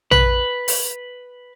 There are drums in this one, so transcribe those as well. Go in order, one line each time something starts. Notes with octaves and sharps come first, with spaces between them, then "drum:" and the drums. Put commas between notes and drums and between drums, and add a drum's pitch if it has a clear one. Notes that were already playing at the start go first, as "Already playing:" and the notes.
B4, drum: tom A#1
drum: open hi-hat